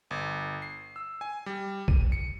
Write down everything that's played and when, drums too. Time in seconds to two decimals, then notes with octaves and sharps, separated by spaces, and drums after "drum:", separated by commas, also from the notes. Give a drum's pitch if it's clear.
0.11 G1
0.62 C7
0.96 E6
1.21 G#5
1.46 G3
1.88 D#7, drum: kick B1
2.12 C#7